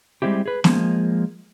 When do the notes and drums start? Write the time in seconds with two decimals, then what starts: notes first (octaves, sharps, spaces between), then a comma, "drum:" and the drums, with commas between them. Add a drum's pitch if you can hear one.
0.22 G3 G#3 C4 E4 G4
0.46 G#4 B4
0.64 F3 G#3 A#3, drum: snare